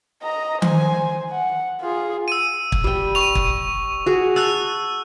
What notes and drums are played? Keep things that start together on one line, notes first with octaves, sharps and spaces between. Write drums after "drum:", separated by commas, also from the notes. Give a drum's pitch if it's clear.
D#5 A#5
C5 G#5, drum: tom D#3
F#5
F4 G#4
E6 D#7
drum: kick
G3 G5
C#6 F7
drum: kick
F#4 G#4
A5 E6 F#6 F7